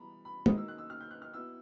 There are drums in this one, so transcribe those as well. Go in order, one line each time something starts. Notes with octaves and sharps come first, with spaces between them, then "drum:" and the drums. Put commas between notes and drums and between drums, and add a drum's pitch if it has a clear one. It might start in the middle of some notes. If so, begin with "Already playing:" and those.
Already playing: E3 G3 B3 A#5 B5
B5
D#3 F#3 A#3 D#4 D#6, drum: tom
E6
F#6
E6
F6
G6
F#6
F6
F#3 B3 E4 E6